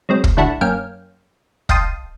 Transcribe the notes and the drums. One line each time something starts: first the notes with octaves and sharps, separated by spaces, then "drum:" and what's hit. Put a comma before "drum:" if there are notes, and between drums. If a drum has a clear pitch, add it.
F#3 G#3 C4
drum: kick
A2 D3 D4 E4 F#4 A4
F#2 A#3 C#4 F5 G5
D#5 F5 G5 A5 C6 D#6, drum: kick